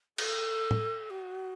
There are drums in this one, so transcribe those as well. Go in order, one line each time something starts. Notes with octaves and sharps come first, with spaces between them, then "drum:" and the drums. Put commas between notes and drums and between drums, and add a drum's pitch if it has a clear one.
A4, drum: cymbal
drum: tom
F#4